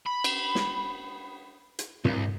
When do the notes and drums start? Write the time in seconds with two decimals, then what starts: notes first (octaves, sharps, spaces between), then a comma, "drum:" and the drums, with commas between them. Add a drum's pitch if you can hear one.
0.06 B5
0.24 drum: cymbal
0.55 drum: snare
1.79 drum: hi-hat
2.05 C2, drum: tom